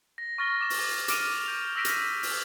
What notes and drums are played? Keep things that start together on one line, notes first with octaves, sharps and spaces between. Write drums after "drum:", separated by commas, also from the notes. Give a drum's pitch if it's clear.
A#6
C#6 F6 A6 A#6 G7
D6 E7
drum: open hi-hat
D6 F6 D7 D#7 F7, drum: hi-hat
G6 F7
E6 F6 A#6 B6 D7 E7
drum: hi-hat
drum: open hi-hat